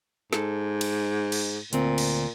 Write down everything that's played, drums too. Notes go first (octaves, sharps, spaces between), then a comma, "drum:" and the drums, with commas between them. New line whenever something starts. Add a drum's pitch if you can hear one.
G#2 A4, drum: snare
drum: cymbal
drum: cymbal
D2 A#2 C4, drum: hi-hat
drum: cymbal